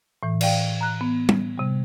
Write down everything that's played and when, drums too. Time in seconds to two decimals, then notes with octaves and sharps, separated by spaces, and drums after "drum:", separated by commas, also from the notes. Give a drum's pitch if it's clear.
0.23 A2 E3
0.41 D5 F5 G5, drum: cymbal
0.81 A#5 F#6
1.01 B3
1.29 drum: tom
1.58 C3 G3